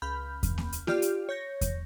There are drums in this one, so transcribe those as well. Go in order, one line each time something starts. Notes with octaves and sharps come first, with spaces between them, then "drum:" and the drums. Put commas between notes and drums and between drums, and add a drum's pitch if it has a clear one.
C#2 B5 F6 G6
drum: kick E2, hi-hat
drum: snare A#3
drum: hi-hat
F4 G4 D5 F6, drum: snare A#3
drum: hi-hat
C#5 G6 A#6
drum: kick E2, hi-hat